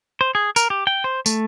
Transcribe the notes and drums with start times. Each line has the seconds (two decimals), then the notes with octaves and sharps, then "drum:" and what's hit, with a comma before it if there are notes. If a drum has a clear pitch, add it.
0.21 C5
0.35 G#4
0.56 A#4, drum: tambourine
0.70 G4
0.87 G5
1.04 C5
1.26 A3, drum: tambourine